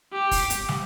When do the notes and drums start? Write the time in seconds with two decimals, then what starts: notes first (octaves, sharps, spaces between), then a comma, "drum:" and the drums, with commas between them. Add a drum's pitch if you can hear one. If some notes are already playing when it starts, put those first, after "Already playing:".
0.13 G4
0.31 drum: kick, open hi-hat
0.50 drum: hi-hat
0.69 drum: snare